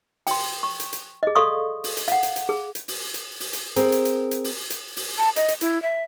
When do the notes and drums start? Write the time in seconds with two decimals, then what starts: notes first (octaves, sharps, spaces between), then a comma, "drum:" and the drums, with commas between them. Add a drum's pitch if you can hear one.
0.27 G5 C6, drum: open hi-hat
0.63 C#6
0.80 drum: hi-hat
0.93 drum: hi-hat
1.23 G#4 D#5
1.35 A4 D5 F5 C6 C#6 D#6
1.84 drum: open hi-hat
1.97 drum: hi-hat
2.08 F5 F#5, drum: hi-hat
2.23 drum: hi-hat
2.36 drum: hi-hat
2.49 G#4
2.75 drum: hi-hat
2.88 drum: open hi-hat
3.14 drum: hi-hat
3.40 drum: open hi-hat
3.53 drum: hi-hat
3.76 C4 G#4 A#4, drum: hi-hat
3.92 drum: hi-hat
4.05 drum: hi-hat
4.31 drum: hi-hat
4.44 drum: open hi-hat
4.70 drum: hi-hat
4.96 drum: open hi-hat
5.18 A5
5.36 D#5, drum: hi-hat
5.48 drum: hi-hat
5.61 E4, drum: hi-hat
5.82 E5